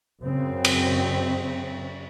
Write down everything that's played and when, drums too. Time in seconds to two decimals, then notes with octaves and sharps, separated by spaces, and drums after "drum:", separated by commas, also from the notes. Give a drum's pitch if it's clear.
0.22 F#2 C#3 C4
0.64 drum: cymbal